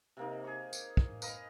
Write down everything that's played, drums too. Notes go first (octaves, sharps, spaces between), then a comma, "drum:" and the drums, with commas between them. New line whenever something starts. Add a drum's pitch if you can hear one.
C3 A#3 D#4
G#4 C#6
drum: tambourine
drum: kick
B4 D#5 F5 B5, drum: tambourine